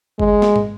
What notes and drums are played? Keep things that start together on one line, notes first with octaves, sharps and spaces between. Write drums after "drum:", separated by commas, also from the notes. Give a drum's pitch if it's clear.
G#3, drum: kick G1
drum: snare
drum: tom